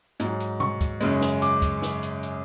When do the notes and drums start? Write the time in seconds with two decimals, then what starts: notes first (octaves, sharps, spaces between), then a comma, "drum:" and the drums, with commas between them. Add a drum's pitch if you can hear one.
0.20 G#2 F#3, drum: hi-hat
0.40 drum: hi-hat
0.60 C#6, drum: tom B2
0.81 drum: kick, hi-hat
1.01 F#2 C#3 G#3, drum: hi-hat
1.21 drum: snare
1.42 D6, drum: hi-hat
1.62 drum: kick, hi-hat
1.82 drum: snare
2.03 drum: hi-hat
2.23 drum: hi-hat